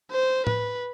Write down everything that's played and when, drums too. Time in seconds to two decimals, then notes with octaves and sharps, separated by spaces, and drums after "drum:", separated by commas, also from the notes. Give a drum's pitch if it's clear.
0.12 C5
0.47 B4, drum: tom A2